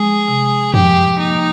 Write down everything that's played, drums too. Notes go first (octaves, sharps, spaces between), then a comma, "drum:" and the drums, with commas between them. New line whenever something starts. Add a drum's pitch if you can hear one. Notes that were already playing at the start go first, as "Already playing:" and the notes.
Already playing: F3 G#3 G#4
C3
F3 G4, drum: tom F2
A#3 D#4